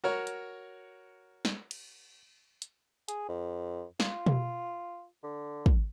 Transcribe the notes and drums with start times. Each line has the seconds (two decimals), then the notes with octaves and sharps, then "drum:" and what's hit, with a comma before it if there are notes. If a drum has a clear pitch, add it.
0.04 F#4 A#4 C#5
0.27 drum: hi-hat
1.45 drum: snare
1.71 drum: cymbal
2.62 drum: hi-hat
3.08 G#4, drum: hi-hat
3.29 F2
4.00 F4, drum: snare
4.27 drum: tom B2
5.23 D3
5.66 drum: kick